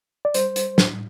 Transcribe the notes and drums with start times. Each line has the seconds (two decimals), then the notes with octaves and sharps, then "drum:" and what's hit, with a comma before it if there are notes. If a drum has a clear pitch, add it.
0.25 D5
0.34 G3 C5, drum: hi-hat
0.56 drum: hi-hat
0.78 A2, drum: snare